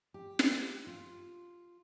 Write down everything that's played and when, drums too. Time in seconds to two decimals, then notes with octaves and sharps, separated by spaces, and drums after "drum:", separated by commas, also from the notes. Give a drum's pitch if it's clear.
0.14 G4
0.39 drum: snare
0.87 F4